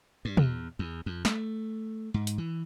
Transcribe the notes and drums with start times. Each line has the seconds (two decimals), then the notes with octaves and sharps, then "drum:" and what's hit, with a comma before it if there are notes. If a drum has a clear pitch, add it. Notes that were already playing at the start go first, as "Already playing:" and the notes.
0.25 G2
0.37 E2, drum: tom
0.79 E2
1.06 F2
1.25 A3, drum: snare
2.14 G#2
2.27 drum: hi-hat
2.38 E3